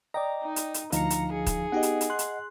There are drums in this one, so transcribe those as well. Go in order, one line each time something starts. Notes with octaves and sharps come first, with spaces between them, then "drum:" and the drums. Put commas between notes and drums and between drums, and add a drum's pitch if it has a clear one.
D5 D#5 G5 A#5
D#4
drum: hi-hat
drum: hi-hat
D2 F3 D#4 F5 A#5 C#7, drum: hi-hat
drum: hi-hat
G#4
drum: kick D#1, hi-hat
B3 D#4 G4 D#5 F#5
drum: hi-hat
drum: hi-hat
C6 F#6
drum: hi-hat